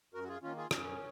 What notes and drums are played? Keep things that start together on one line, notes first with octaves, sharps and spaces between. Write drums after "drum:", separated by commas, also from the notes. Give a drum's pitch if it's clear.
F#2 F#4 A#4
F#4
F4 G#4
D#3 A#3 C#4 F4
F4 G#4
F#2 C#4, drum: rim click